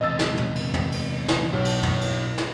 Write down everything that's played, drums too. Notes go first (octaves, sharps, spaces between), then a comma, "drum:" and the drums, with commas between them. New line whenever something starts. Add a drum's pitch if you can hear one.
E2 C3 D#5 E6 A6
drum: snare
drum: tom
drum: cymbal
drum: tom
drum: cymbal
drum: snare
B1 E4 C#5
drum: cymbal
drum: tom
drum: cymbal
drum: snare